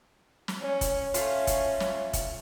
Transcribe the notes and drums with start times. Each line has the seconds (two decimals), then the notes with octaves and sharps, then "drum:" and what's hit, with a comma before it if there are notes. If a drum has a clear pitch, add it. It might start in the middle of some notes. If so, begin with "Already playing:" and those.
0.48 drum: snare
0.61 C#4
0.81 drum: kick F1, hi-hat
1.14 A3 C#4 F4, drum: hi-hat
1.47 drum: kick F1, hi-hat
1.80 drum: snare
2.13 drum: kick F1, hi-hat